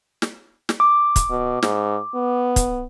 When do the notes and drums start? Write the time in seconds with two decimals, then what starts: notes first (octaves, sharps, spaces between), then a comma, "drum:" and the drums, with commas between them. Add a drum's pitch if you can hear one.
0.22 drum: snare
0.69 drum: snare
0.80 D6
1.16 drum: kick, hi-hat
1.30 B2
1.63 G#2, drum: snare
2.15 B3
2.56 drum: kick, hi-hat